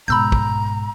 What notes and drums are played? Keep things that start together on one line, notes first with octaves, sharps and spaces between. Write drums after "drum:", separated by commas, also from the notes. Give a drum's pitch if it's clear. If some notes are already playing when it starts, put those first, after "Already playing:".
G#2 B2 A#5 B5 E6 G6
drum: kick